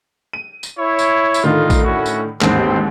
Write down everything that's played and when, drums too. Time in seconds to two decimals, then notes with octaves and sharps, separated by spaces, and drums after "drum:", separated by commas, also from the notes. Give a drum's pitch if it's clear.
0.33 D#7
0.63 drum: tambourine
0.77 E4 C#5
0.99 drum: tambourine
1.34 drum: tambourine
1.44 A2 D3 D#3 D#4 F4
1.70 drum: kick A#1, tambourine
1.84 C#4 E4 F#4
2.06 drum: tambourine
2.41 A1 D#2 G#2 B3 C4, drum: clap